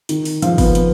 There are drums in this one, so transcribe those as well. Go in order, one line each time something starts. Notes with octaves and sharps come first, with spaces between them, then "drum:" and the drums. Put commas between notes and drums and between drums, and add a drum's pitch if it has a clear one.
D#3, drum: hi-hat
drum: open hi-hat
F3, drum: hi-hat
B3, drum: kick, open hi-hat
drum: hi-hat